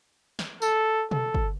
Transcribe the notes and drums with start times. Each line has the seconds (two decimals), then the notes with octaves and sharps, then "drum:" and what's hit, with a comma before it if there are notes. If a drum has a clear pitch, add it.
0.39 drum: snare
0.62 A4, drum: tambourine
1.11 A4, drum: tom B2
1.34 drum: kick